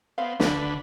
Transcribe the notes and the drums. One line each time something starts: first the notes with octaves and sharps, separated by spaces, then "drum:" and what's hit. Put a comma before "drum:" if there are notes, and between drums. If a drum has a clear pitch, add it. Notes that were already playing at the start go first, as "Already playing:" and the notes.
B3 C4 F5
D2 D3 B4, drum: snare